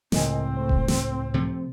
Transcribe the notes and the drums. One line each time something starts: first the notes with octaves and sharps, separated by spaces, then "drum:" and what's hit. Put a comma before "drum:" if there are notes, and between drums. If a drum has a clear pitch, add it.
C#2 A2 C4 A#4 D#5 G#5, drum: snare
A3 C5
drum: kick D#1
drum: snare
C3 F3 A3